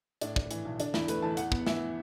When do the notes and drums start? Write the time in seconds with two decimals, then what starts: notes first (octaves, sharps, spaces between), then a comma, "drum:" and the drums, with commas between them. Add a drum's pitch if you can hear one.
0.21 A2 D4, drum: hi-hat
0.36 D4, drum: kick
0.51 E3, drum: hi-hat
0.65 B1
0.80 D3 D4, drum: hi-hat
0.94 E2 E4, drum: snare
1.08 A3 B4, drum: hi-hat
1.22 E2 A5
1.37 E2 F#5, drum: hi-hat
1.52 B3, drum: kick
1.67 E3 E5, drum: snare